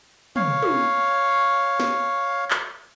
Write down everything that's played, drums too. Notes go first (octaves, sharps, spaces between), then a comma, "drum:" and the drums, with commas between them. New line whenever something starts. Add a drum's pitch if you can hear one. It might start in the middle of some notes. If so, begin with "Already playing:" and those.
C#5 F5, drum: tom
drum: tom
drum: snare
drum: clap